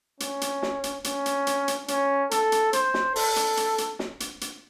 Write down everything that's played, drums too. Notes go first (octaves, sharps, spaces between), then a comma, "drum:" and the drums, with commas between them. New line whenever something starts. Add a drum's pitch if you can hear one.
C#4, drum: hi-hat
drum: hi-hat
drum: snare
drum: hi-hat
C#4, drum: hi-hat
drum: hi-hat
drum: hi-hat
drum: hi-hat
C#4, drum: hi-hat
A4, drum: hi-hat
drum: hi-hat
C5, drum: hi-hat
drum: snare
A4, drum: open hi-hat
drum: hi-hat
drum: hi-hat
drum: hi-hat
drum: snare
drum: hi-hat
drum: hi-hat